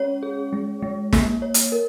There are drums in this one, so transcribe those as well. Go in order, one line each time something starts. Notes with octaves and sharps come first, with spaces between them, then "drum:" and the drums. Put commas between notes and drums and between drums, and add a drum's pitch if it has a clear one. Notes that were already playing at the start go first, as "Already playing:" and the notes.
Already playing: G#3 C#4 G#4 C#5
G#4
G#3
G#3
A#3, drum: snare
C#5
drum: hi-hat
A#4